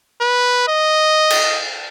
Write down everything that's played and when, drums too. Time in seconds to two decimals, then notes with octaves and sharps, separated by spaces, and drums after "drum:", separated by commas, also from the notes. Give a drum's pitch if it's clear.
0.21 B4
0.68 D#5
1.30 drum: cymbal